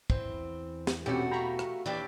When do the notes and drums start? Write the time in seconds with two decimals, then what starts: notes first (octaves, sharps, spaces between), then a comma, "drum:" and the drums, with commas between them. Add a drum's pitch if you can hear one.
0.10 E2 E3 C4, drum: kick
0.87 drum: snare
1.06 E2 B2 A3 C4 C#4 F#4 G4
1.31 G4 F5 G5 A#5 B5 C#6
1.59 drum: rim click
1.86 D#2 E3 D4 G4 D5